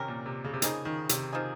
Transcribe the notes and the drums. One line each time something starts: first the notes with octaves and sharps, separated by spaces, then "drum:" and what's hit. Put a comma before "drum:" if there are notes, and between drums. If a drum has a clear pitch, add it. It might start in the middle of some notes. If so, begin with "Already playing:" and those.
Already playing: C3 D#3 C#4 G4 A#4
A#2
C3
C#3
C3
C#3 F3 A#3 D#4 G#4, drum: hi-hat
D#3
C3, drum: hi-hat
F3 A#3 D#4 G#4